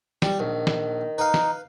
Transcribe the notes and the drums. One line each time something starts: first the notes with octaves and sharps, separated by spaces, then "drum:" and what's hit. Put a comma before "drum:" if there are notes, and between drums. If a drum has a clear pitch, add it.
G3, drum: snare
A#1 D#3
drum: snare
D#4 B4 F5
drum: snare